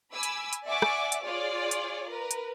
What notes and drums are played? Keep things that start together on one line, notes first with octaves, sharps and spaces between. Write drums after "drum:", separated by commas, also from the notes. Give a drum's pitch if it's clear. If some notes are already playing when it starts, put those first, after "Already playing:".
G#5 B5 D6 E6
drum: hi-hat
drum: hi-hat
D5 E5 F#5 G#5 C#6 D6
drum: rim click
drum: hi-hat
F4 G#4 C#5 D5
drum: hi-hat
A#4 B4
drum: hi-hat